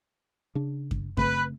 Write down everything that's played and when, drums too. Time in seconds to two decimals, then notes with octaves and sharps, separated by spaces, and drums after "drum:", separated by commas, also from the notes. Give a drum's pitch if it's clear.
0.55 C#3 D4
0.91 drum: kick F#2
1.17 C#3 A3 C4 B4, drum: kick F#2